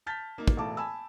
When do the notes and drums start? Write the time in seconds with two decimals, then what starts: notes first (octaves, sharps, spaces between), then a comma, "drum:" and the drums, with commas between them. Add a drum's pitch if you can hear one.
0.07 A5 F6 G6 A6 B6
0.38 A#3 D#4
0.48 drum: kick
0.57 E1 A2 A3 F5 A5 D6
0.77 G#5 A5 B5 E6